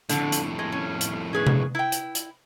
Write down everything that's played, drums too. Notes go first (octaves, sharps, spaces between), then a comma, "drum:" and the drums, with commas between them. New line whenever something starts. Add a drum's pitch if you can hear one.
F2 A2 D3, drum: hi-hat
drum: hi-hat
G#3
C#4
drum: hi-hat
C#4 G#4 B4
drum: tom C3
E4 G5
drum: hi-hat
drum: hi-hat